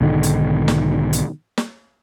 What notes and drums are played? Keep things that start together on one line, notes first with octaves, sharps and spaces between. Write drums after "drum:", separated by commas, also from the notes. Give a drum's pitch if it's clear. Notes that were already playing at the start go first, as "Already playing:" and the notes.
B1 G#2 D3 D#3
drum: hi-hat
drum: snare
drum: hi-hat
drum: snare